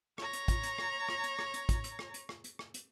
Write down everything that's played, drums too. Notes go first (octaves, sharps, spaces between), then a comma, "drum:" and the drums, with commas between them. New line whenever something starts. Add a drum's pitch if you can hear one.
C#5 A#5, drum: rim click
drum: hi-hat
drum: kick, hi-hat
drum: hi-hat
drum: rim click
drum: rim click
drum: hi-hat
drum: rim click
drum: hi-hat
drum: kick, hi-hat
drum: hi-hat
drum: rim click
drum: hi-hat
drum: rim click
drum: hi-hat
drum: rim click
drum: hi-hat